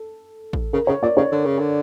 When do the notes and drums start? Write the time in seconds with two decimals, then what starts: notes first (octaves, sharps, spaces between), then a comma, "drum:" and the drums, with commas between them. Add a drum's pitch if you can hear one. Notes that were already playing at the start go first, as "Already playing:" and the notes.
Already playing: A4
0.53 drum: kick A1
0.73 C#3 A#4
0.87 C#3 C#5
1.02 A#2 D5
1.17 C#3 C#5
1.32 D3
1.45 C#3
1.59 D3